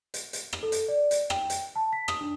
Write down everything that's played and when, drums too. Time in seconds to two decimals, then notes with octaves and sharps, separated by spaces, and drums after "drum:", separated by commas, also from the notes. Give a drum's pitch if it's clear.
0.14 drum: hi-hat
0.33 drum: hi-hat
0.53 drum: rim click
0.63 A4
0.72 drum: hi-hat
0.88 D5
1.11 drum: hi-hat
1.30 G5, drum: rim click
1.50 drum: hi-hat
1.76 A5
1.93 B6
2.08 D#6, drum: rim click
2.21 D4